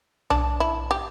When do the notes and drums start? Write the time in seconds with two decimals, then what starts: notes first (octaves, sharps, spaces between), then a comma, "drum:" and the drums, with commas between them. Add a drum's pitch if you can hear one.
0.30 D4, drum: tom B1
0.60 E4
0.91 G4